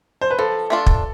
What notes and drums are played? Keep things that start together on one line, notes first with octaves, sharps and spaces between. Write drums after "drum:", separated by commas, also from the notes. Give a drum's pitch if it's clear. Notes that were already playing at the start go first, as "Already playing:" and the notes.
C5
B4
F3 A4
A3 D4 F4 A4
drum: kick